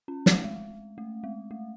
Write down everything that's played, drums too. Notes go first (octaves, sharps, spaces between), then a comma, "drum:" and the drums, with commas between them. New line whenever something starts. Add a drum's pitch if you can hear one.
C#4
A3, drum: snare
G#3
A3
G#3
A3